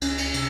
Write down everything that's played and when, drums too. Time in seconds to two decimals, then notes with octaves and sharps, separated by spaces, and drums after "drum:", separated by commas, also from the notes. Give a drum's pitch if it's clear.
0.01 C#2 C#4, drum: cymbal
0.18 drum: cymbal
0.34 C3, drum: cymbal